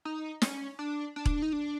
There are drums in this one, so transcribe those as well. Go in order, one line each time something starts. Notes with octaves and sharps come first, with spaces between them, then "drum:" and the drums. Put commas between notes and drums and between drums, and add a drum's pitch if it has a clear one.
D#4
C#4, drum: snare
D4
D4
drum: kick E1
D#4
D4